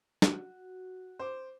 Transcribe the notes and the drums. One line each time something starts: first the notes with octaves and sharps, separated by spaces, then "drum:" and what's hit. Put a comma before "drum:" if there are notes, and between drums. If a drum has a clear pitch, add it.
F#4, drum: snare
C5 D6